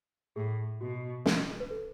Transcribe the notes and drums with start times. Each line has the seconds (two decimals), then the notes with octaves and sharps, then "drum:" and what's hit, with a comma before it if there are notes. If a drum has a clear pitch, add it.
0.36 A2 G#4
0.81 B2 F#4
1.26 G#4, drum: snare
1.60 B4
1.71 A4